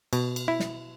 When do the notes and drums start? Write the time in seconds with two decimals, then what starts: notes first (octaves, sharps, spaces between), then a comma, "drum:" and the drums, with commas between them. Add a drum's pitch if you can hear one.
0.13 B2, drum: cymbal
0.36 drum: cymbal
0.48 E4
0.60 drum: snare